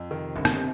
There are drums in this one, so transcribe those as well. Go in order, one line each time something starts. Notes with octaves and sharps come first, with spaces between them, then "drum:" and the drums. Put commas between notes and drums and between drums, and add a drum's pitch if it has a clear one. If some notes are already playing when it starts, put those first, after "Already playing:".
Already playing: F2
C3 D#3
G1
drum: rim click